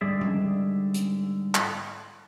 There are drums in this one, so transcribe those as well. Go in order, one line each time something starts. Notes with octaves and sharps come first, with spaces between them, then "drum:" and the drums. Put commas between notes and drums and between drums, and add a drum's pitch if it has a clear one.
G#2 D3 G3 G#4 D5 E5
drum: tom E3
drum: hi-hat
drum: clap